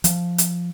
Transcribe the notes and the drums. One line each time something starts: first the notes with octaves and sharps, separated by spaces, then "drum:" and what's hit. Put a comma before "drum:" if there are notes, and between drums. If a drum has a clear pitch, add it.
F3, drum: hi-hat
drum: hi-hat